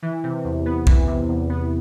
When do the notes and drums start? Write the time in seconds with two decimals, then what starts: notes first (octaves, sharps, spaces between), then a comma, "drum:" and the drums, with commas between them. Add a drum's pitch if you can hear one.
0.02 E3
0.24 C3
0.44 E2
0.66 B3
0.87 E3, drum: kick B1
1.08 C3
1.29 E2
1.50 B3